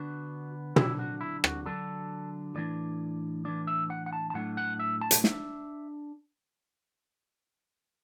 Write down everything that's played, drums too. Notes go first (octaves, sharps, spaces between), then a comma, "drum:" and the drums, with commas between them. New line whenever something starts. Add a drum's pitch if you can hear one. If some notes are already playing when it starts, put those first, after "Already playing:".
Already playing: D3 B3 D4 F#4
D3 F#3 D4 E4, drum: tom
F#4
E4
F#4, drum: rim click
D3 F#3 D4 A4
A2 E3 D4 D5
A2 E3 D4 D5
E5
F#5
F#5
A5
A5
A2 F#3 A3 D4 F#5
F#5
E5
A5
drum: hi-hat
D4 E5, drum: snare